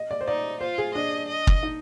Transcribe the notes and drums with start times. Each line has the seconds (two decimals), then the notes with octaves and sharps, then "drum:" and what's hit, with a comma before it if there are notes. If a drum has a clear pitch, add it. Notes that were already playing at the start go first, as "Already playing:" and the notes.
Already playing: D#5
0.11 D5
0.21 C5
0.28 D#4 D5
0.61 F4 C5
0.78 G#4
0.95 D4 D#5
1.29 D#5
1.47 drum: kick
1.63 D#4